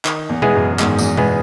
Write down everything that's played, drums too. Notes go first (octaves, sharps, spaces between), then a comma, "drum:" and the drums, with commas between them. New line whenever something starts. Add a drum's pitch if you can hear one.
D#3, drum: clap
E2
G#3 B3 E4 G#4, drum: tom B2
F#2
E2 G#2 D#3, drum: clap
E2, drum: tambourine
G#3 B3 E4 G#4, drum: tom B2